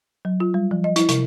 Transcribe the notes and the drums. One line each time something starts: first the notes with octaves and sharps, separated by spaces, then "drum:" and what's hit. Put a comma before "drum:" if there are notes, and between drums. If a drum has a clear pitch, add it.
F#3
F4
G3
F3
D#5
E4, drum: hi-hat
C3, drum: hi-hat